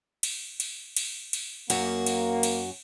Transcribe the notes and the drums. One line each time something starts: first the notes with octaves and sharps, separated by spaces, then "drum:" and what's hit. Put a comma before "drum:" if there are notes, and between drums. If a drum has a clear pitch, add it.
drum: cymbal
drum: cymbal
drum: cymbal
drum: cymbal
F#2 A#3 F#4, drum: cymbal
drum: cymbal
drum: cymbal